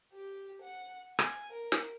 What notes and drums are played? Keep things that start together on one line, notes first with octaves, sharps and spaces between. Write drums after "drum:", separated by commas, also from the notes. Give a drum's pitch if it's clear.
G4
F#5
G#5, drum: rim click
A#4
drum: snare